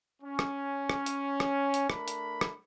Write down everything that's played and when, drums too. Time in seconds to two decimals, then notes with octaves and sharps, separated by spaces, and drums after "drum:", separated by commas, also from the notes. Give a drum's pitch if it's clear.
0.22 C#4
0.39 drum: rim click
0.90 drum: rim click
1.06 drum: hi-hat
1.40 drum: rim click
1.74 drum: hi-hat
1.90 A3 D4 A#4 B5, drum: rim click
2.08 drum: hi-hat
2.41 drum: rim click